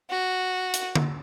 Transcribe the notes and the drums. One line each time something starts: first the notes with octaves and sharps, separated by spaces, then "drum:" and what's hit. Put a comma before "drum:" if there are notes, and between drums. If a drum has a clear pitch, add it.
F#4
drum: hi-hat
drum: tom D3